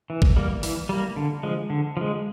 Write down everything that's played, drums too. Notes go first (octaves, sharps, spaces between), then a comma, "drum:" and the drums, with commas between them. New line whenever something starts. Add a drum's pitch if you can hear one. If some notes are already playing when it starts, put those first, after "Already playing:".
E3
drum: kick G#1
G3 A#3
E3, drum: open hi-hat
G3 A#3
D3
F3 G#3
D3
F3 G#3